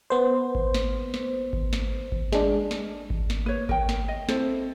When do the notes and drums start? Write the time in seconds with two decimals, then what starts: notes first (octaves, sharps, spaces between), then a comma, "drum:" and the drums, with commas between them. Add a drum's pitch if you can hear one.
0.10 B3 C5
0.55 drum: kick G#1
0.74 drum: snare
1.14 drum: snare
1.53 drum: kick G#1
1.73 drum: snare
2.12 drum: kick G#1
2.32 G#3 D4, drum: snare
2.71 drum: snare
3.10 drum: kick G#1
3.30 drum: snare
3.46 A#3 B4 C#5
3.69 A#4 G5, drum: kick G#1
3.89 drum: snare
4.08 D#5
4.29 C4 E4 A4 C5, drum: snare